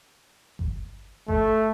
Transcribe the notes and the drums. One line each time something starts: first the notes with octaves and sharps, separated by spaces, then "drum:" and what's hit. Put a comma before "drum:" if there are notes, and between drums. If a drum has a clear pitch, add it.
drum: kick G1
A3, drum: kick G1